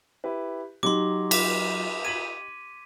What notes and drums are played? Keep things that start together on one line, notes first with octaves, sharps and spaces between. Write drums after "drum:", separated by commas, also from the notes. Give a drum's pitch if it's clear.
E4 G4 B4
F#3 D#4 G4 C6 D6
D6 B6, drum: cymbal
G#6 B6 D#7 F#7